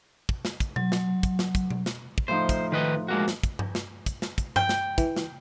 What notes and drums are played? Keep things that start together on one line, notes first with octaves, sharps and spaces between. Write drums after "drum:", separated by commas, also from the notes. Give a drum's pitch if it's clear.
drum: kick
drum: snare
drum: kick, hi-hat
F#3, drum: tom B2
drum: snare
drum: kick, hi-hat
drum: snare
drum: kick, hi-hat
drum: tom B2
drum: snare
drum: kick
A2 F3 D#4 C5
drum: kick, hi-hat
D#3 B4 D#5
G#3 A#3 F#4
drum: snare
drum: kick, hi-hat
drum: tom G2
drum: snare
drum: kick, hi-hat
drum: snare
drum: kick, hi-hat
G5, drum: tom G2
drum: snare
E3, drum: kick, hi-hat
drum: snare